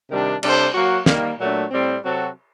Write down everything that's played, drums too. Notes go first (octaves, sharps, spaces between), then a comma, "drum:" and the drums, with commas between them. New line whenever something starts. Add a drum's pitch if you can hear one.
C3 D#3 G3 D4
C3 G3 D4 A4 C5, drum: cymbal
F#3 A#3 F#4
D#3 G3 A#3, drum: snare
A#2 F#3 A3 D4
A2 G3 C4
C3 F#3 C4 F#4 A4